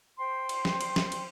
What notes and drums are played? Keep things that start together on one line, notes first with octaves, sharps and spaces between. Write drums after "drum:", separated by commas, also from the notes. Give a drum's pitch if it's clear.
C5 G5 C6
drum: cymbal
drum: snare
drum: cymbal
drum: snare
drum: cymbal